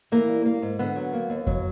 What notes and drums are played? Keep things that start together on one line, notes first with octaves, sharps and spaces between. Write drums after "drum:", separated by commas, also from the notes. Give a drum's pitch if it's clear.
E3 A#3
G3
A#3
G#2
D3 B3
F#3
A#3
D#2
F#3, drum: kick F2